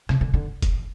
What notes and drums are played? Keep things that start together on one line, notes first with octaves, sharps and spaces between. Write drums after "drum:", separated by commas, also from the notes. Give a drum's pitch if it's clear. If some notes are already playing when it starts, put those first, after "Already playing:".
C#3, drum: rim click
D3
D3
drum: kick F1, hi-hat